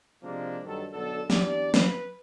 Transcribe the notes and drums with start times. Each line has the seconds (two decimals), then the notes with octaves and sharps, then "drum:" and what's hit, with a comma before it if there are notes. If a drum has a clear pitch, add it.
0.23 C3 F3 G#3 A#3 D4
0.65 G2 D#3 F#3 A4
0.93 B1 D3 A4
1.30 E2 D4 G4 D5, drum: snare
1.74 B4, drum: snare